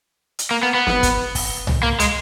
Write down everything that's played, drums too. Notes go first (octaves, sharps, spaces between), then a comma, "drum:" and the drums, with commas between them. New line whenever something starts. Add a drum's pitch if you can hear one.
drum: hi-hat
A#3
B3
B3
drum: snare
drum: kick, hi-hat
drum: kick, open hi-hat
drum: tom C2
A#3
G#3, drum: hi-hat